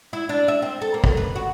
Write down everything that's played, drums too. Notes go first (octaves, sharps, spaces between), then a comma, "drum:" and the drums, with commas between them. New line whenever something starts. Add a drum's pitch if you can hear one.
E4
D4
E5
C4
A4
A#3
drum: kick
B4
F#4